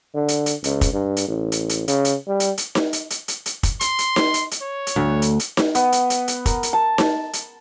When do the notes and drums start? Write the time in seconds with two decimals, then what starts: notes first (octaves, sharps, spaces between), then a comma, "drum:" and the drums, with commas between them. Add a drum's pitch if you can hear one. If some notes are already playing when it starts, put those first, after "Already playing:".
0.15 D3
0.28 drum: hi-hat
0.46 drum: hi-hat
0.64 C#2, drum: hi-hat
0.81 drum: kick, hi-hat
0.93 G2
1.17 drum: hi-hat
1.28 A1
1.52 drum: hi-hat
1.69 drum: hi-hat
1.88 C#3, drum: hi-hat
2.05 drum: hi-hat
2.28 G3
2.40 drum: hi-hat
2.58 drum: hi-hat
2.75 drum: snare D#4
2.93 drum: hi-hat
3.10 drum: hi-hat
3.28 drum: hi-hat
3.46 drum: hi-hat
3.63 drum: kick, hi-hat
3.81 C6, drum: hi-hat
3.99 drum: hi-hat
4.16 drum: snare D#4
4.34 drum: hi-hat
4.51 drum: hi-hat
4.61 C#5
4.87 drum: hi-hat
4.96 D2
5.22 drum: hi-hat
5.40 drum: hi-hat
5.57 drum: snare D#4
5.75 B3, drum: hi-hat
5.92 drum: hi-hat
6.10 drum: hi-hat
6.28 drum: hi-hat
6.46 A#4, drum: kick, hi-hat
6.63 drum: hi-hat
6.73 A5
6.98 drum: snare D#4
7.33 drum: hi-hat